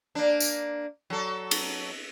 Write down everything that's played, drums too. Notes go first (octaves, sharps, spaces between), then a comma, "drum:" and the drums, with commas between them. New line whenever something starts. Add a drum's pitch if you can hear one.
A#3 D4
drum: tambourine
F#3 A4
drum: cymbal